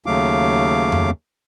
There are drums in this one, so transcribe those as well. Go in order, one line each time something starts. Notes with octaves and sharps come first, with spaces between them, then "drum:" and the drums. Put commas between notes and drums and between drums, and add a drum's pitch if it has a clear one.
D#2 C#3 F#3 A3 F5 D6
drum: tom F2